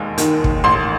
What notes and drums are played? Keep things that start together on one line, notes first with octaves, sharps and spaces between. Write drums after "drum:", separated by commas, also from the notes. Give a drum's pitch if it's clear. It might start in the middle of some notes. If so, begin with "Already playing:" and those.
Already playing: E1 D#2 G#3
D#3, drum: hi-hat
drum: kick
A1 C6